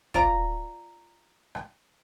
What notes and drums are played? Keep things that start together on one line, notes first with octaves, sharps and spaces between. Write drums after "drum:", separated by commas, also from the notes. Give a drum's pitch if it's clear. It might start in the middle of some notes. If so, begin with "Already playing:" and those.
F4 D5 A#5, drum: kick
drum: rim click